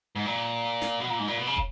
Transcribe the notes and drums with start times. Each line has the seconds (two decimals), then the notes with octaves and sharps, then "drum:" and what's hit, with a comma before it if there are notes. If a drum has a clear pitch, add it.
0.16 G#2
0.26 A#2
0.82 drum: snare
1.00 B2
1.10 A#2
1.19 G#2
1.28 A#2
1.37 B2
1.47 C#3
1.56 drum: kick